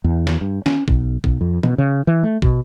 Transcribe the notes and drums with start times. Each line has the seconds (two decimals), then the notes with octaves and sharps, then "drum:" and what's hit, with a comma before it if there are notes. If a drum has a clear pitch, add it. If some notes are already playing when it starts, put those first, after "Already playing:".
0.04 E2
0.27 drum: snare
0.41 G2
0.66 C#4, drum: snare
0.88 B1, drum: kick
1.24 B1, drum: kick
1.41 F2
1.63 B2, drum: tom E3
1.78 C#3
2.07 E3
2.23 A3
2.42 B2, drum: kick